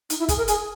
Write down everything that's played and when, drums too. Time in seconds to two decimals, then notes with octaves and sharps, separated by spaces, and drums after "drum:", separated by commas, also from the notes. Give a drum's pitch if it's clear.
0.10 D#4, drum: hi-hat
0.19 E4
0.29 G#4, drum: kick, hi-hat
0.37 A#4
0.48 G#4, drum: hi-hat